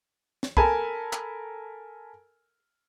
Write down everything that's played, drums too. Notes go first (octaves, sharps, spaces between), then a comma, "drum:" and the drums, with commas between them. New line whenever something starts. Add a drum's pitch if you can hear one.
drum: snare
A4 A#4 G#5 A5 B5, drum: kick
drum: clap